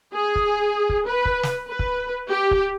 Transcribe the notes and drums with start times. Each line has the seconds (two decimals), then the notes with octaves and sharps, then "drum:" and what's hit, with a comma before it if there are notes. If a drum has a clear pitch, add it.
0.14 G#4
0.35 drum: kick
0.89 drum: kick
1.07 B4
1.25 drum: kick
1.43 drum: snare
1.68 B4
1.79 drum: kick
2.29 G4
2.51 drum: kick